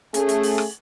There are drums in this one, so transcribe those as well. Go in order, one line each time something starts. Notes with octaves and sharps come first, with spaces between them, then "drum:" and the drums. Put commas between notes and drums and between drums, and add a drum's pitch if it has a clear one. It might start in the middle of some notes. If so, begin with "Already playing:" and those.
A3 C#4 G#4, drum: hi-hat
drum: hi-hat
drum: open hi-hat
drum: rim click